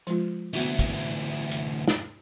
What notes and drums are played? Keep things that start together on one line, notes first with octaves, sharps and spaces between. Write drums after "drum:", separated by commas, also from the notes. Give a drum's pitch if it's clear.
F3 G#3 F4, drum: hi-hat
D2 E3 B3 F#4 E5
drum: kick, hi-hat
drum: hi-hat
drum: snare